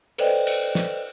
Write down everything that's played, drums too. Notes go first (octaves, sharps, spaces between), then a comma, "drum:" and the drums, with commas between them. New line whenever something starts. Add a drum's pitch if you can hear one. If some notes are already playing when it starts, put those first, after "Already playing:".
A4 B4 C5 D5 D#5 G5, drum: cymbal
drum: cymbal
drum: snare